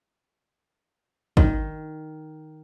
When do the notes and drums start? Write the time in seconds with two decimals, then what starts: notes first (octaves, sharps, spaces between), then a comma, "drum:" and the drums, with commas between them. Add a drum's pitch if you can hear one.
1.37 D#3, drum: kick